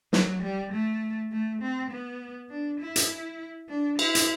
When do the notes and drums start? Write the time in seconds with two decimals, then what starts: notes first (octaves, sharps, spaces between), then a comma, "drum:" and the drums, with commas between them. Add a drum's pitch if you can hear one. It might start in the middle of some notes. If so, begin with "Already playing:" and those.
0.13 F#3, drum: snare
0.42 G3
0.73 A3
1.32 A3
1.62 C4
1.90 B3
2.50 D4
2.80 E4
2.96 drum: hi-hat
3.69 D4
3.99 E4, drum: cymbal
4.15 drum: hi-hat